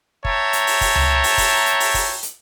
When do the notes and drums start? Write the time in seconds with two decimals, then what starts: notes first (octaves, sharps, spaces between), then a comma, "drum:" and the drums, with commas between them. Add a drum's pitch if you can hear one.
0.25 C#5 E5 G5 A5 A#5, drum: kick
0.53 drum: hi-hat
0.67 drum: open hi-hat
0.81 drum: kick, open hi-hat
0.95 drum: tom C#2
1.24 drum: open hi-hat
1.38 drum: kick, open hi-hat
1.66 drum: hi-hat
1.80 drum: open hi-hat
1.94 drum: kick, open hi-hat
2.23 drum: hi-hat